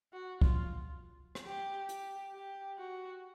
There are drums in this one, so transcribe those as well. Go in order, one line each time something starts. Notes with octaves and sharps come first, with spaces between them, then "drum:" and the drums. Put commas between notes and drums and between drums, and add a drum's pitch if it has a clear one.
F#4
F4, drum: kick
drum: rim click
G4
G4, drum: hi-hat
G4
F#4